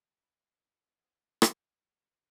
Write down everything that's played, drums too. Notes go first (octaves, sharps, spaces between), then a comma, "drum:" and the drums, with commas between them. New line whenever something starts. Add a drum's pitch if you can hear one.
E5 B5
D#4
E4 A4 C5 F#5 D#6
drum: rim click